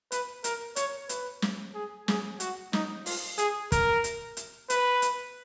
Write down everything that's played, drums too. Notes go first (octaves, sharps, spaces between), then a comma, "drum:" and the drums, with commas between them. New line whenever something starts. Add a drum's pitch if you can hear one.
B4, drum: hi-hat
A#4, drum: hi-hat
C#5, drum: hi-hat
B4, drum: hi-hat
drum: snare
G#4
G#4, drum: snare
F#4, drum: hi-hat
D#4, drum: snare
F4, drum: open hi-hat
G#4, drum: hi-hat
A#4, drum: kick, hi-hat
drum: hi-hat
drum: hi-hat
B4, drum: hi-hat
drum: hi-hat